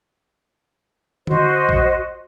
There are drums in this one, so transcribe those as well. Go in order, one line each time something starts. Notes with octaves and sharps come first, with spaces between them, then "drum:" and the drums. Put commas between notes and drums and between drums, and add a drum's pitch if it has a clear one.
F#4 C5 D#5, drum: tom
drum: kick A1